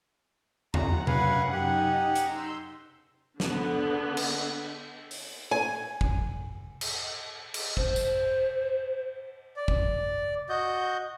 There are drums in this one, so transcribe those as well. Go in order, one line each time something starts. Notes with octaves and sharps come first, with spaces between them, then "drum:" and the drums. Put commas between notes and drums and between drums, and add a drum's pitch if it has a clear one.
F#2 F#5 A#5, drum: tom E2
B4 F5 G#5, drum: tom C3
D#4 G4 F#5 G#5
drum: hi-hat
A#5 C6 E6 G6
D3 B3, drum: snare
drum: cymbal
drum: open hi-hat
G#5
drum: kick
drum: cymbal
drum: cymbal
C5, drum: kick
drum: tambourine
D5
drum: kick
F#4 D#5 G6